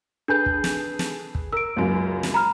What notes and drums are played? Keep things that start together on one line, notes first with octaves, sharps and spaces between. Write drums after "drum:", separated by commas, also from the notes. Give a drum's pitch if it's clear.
D4 G#4 A4 B4 G6
drum: kick
drum: snare
drum: snare
drum: kick
A#4 E6 D7
C#2 F#2 A#3
drum: snare
A#5 B5 F6